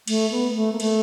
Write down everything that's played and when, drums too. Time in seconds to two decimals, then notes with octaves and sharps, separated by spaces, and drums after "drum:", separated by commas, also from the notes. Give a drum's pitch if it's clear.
0.08 A3, drum: cymbal
0.31 B3
0.50 A#3
0.55 A3
0.72 A#3
0.80 A3, drum: cymbal